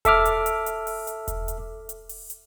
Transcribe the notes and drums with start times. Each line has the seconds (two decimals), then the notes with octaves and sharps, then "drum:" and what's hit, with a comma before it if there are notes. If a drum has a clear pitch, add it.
0.05 A4 E5 D6 F6, drum: kick E1, hi-hat
0.25 drum: hi-hat
0.46 drum: hi-hat
0.66 drum: hi-hat
0.87 drum: open hi-hat
1.07 drum: hi-hat
1.28 drum: kick E1, hi-hat
1.48 drum: hi-hat
1.89 drum: hi-hat
2.09 drum: open hi-hat
2.30 drum: hi-hat